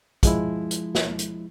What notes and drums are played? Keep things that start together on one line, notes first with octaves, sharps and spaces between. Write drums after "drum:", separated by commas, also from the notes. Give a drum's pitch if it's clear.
F3 G#3 E4, drum: kick, hi-hat
drum: hi-hat
drum: snare
drum: hi-hat